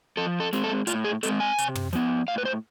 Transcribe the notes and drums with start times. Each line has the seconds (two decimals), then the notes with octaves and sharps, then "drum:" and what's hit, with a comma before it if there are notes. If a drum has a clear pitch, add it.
0.17 F3 A4
0.40 A4
0.53 G#3 C4, drum: snare
0.64 A4
0.87 A2 F4, drum: hi-hat
1.04 G#4
1.23 G#3 C4 A4, drum: hi-hat
1.40 G#5
1.58 C3, drum: hi-hat
1.75 drum: tom
1.93 F3 B3, drum: snare
2.28 A2 F5
2.38 B4
2.45 C5